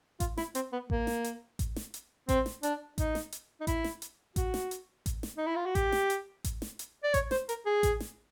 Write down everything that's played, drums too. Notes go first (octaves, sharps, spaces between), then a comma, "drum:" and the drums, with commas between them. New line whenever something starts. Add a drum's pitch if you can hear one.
F4, drum: kick A1, hi-hat
E4, drum: snare
C4, drum: hi-hat
B3
A#3, drum: kick A1
drum: snare
drum: hi-hat
drum: kick A1, hi-hat
drum: snare
drum: hi-hat
C4, drum: kick A1, hi-hat
drum: snare
D4, drum: hi-hat
D#4, drum: kick A1, hi-hat
drum: snare
drum: hi-hat
D#4
E4, drum: kick A1, hi-hat
drum: snare
drum: hi-hat
F#4, drum: kick A1, hi-hat
drum: snare
drum: hi-hat
drum: kick A1, hi-hat
drum: snare
D#4
E4
F4
F#4
G4, drum: kick A1, hi-hat
drum: snare
drum: hi-hat
drum: kick A1, hi-hat
drum: snare
drum: hi-hat
D5
C#5, drum: kick A1, hi-hat
C5, drum: snare
A#4, drum: hi-hat
G#4
drum: kick A1, hi-hat
drum: snare